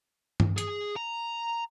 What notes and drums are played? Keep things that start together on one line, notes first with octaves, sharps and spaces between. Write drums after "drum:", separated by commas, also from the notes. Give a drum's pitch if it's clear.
drum: tom G2
G#4, drum: hi-hat
A#5